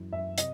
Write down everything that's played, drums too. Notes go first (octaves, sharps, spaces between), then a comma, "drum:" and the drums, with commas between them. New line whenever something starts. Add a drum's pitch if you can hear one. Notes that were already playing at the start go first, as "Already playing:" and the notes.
Already playing: F#2 E3
F#2 E5
C3 D#5, drum: hi-hat